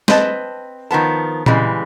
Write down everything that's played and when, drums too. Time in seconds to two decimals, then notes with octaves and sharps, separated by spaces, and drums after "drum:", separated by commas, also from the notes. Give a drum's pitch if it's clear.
0.08 C4 B4 D#5 E5 A5, drum: snare
0.91 D#3 F3 B3 A5
1.46 C#3 E3 G3 G#3, drum: tom A#2